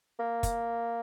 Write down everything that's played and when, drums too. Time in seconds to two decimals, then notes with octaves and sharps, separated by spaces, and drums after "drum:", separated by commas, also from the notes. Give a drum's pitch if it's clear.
0.19 A#3
0.43 drum: kick, hi-hat